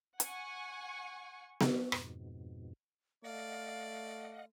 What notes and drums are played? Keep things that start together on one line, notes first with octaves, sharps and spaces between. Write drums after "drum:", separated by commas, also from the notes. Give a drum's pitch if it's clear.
F#5 G#5 C#6, drum: hi-hat
drum: snare B3
F2 G#2 B2, drum: rim click
A3 D5 D#5 F5 F#5